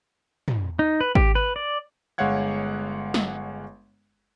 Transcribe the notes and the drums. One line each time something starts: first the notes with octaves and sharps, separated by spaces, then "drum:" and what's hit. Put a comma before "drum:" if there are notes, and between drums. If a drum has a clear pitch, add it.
drum: tom
D#4
B4
G4, drum: kick G#1
B4
D5
G1 G#3 C#5 F5 F#5 G#6
drum: snare